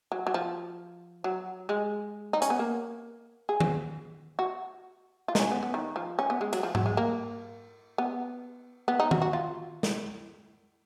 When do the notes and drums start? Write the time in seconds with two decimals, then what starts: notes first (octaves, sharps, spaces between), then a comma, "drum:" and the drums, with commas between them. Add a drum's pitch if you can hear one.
0.12 F#3
0.27 F#3
0.34 F3
1.24 F#3
1.69 G#3
2.33 D#4
2.42 C#4, drum: hi-hat
2.50 B3
2.59 A#3
3.49 G#4
3.60 drum: tom D#3
4.39 F#4
5.28 F4
5.35 D#4, drum: snare
5.40 C#4
5.51 B3
5.63 B3
5.74 D#3
5.96 F3
6.19 C#4
6.30 B3
6.41 G#3
6.53 F#3, drum: cymbal
6.63 F3
6.75 F#3, drum: tom G#2
6.86 G#3
6.97 A#3
7.98 B3
8.88 B3
9.00 D#4
9.11 F#4, drum: tom D#3
9.22 F#4
9.33 F4
9.83 drum: snare